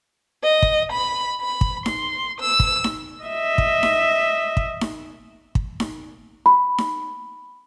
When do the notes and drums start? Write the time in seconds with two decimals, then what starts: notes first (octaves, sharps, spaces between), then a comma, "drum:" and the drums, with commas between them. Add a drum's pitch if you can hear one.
0.44 D#5
0.62 drum: kick
0.92 B5
1.41 B5
1.61 drum: kick
1.86 C6, drum: snare D#4
2.40 E6
2.60 drum: kick
2.84 drum: snare D#4
3.25 D#5 E5
3.58 drum: kick
3.83 drum: snare D#4
4.57 drum: kick
4.81 drum: snare D#4
5.55 drum: kick
5.80 drum: snare D#4
6.46 B5
6.78 drum: snare D#4